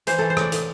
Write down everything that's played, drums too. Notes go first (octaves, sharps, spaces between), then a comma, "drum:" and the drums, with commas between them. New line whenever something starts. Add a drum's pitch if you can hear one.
E3 C5, drum: hi-hat
E3 A4
C5
A2 D5, drum: rim click
A2, drum: hi-hat